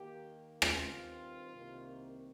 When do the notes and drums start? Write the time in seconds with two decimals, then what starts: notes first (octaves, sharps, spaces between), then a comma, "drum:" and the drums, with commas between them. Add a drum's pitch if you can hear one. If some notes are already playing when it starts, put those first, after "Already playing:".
Already playing: D#2 D#3 A#3 G4
0.62 G2 D#3 C4 F4, drum: rim click
1.53 C2 C3 D#3 A#3